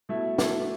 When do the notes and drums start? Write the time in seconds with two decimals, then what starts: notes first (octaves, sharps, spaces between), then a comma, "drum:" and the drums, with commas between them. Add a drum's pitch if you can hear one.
0.09 B2 A3 E4
0.38 B2 A3 E4, drum: snare